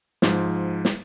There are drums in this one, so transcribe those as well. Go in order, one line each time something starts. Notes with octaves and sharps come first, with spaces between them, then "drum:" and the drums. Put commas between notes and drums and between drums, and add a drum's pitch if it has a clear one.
G#2 F3, drum: snare
drum: snare